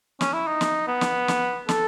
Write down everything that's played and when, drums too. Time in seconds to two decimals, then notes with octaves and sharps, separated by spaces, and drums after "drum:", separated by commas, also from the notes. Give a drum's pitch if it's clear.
0.21 C#4, drum: snare
0.33 E4
0.47 D#4
0.61 drum: snare
0.88 B3
1.01 drum: snare
1.28 drum: snare
1.69 A4, drum: snare